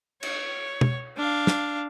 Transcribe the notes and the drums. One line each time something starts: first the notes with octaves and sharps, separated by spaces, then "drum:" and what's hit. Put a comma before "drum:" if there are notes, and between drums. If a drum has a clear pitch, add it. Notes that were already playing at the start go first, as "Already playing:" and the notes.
C#5, drum: cymbal
drum: tom B2
D4 F5
drum: snare